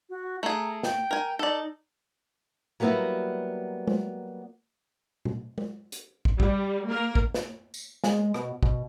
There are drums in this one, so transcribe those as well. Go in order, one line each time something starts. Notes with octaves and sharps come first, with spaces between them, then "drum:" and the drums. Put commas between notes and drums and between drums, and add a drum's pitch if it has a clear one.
F#4
A3 G#4 A#5
G5, drum: snare
A#4 G#5
D#4 A4 D5
F#3 G3 A#3 B3 E4 F#4
drum: tom G#3
drum: tom B2
drum: tom G#3
drum: hi-hat
drum: kick
G3, drum: kick
A#3 A#4
drum: kick
drum: snare
drum: tambourine
G#3, drum: snare
B2, drum: rim click
B2, drum: kick